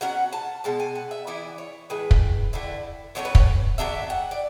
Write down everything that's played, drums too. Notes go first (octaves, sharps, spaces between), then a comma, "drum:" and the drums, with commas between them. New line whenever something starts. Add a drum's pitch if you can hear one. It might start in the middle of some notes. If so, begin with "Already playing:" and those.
B2 F#3 C#4 F#5
A5
B2 G#3 A5
G#5
F#5
E5
E3 B3 E4 D5
C#5
A2 E3 G#3 B4
drum: kick
D3 A3 E4
A2 F#3 A3 C#4 C#5
B4
C#5, drum: kick
D3 F#3 A3 D4 E5
F#5
D5